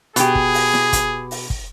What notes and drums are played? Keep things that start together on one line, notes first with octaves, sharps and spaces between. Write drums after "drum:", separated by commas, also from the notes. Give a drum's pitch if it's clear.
B2 G4 G#4, drum: hi-hat
drum: kick
drum: open hi-hat
drum: snare E4
drum: kick, hi-hat
drum: open hi-hat
drum: kick